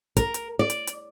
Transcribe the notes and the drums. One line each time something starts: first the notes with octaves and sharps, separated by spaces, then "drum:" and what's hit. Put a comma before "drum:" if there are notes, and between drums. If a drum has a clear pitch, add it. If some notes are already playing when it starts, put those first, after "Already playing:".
A#4, drum: kick, hi-hat
drum: hi-hat
D5
drum: hi-hat
drum: hi-hat